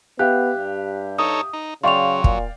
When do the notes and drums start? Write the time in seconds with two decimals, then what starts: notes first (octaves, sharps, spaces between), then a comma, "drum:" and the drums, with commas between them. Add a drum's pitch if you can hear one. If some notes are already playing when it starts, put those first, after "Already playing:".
0.19 B3 G4 E5 F5 F#6
0.56 G2
1.18 D#4 A4 C#5 D#6
1.53 D#4
1.83 C#3 F#3 D5 F5 G5 C6 C#6 F7
2.24 A#2, drum: kick